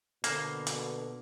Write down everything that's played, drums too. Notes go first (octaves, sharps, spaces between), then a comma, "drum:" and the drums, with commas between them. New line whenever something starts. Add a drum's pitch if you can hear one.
B2 D3 A#3 C5, drum: hi-hat
drum: hi-hat